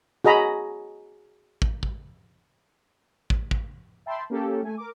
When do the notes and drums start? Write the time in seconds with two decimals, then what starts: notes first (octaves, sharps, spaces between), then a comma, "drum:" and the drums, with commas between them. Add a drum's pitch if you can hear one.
0.25 F#4 G#4 D#5 A#5 B5
1.62 drum: kick
1.83 drum: kick
3.30 drum: kick
3.51 drum: kick
4.06 E5 G5 A5 B5 C6
4.30 A#3 C#4 G4 A4
4.63 A3 G#5
4.78 A#4 D6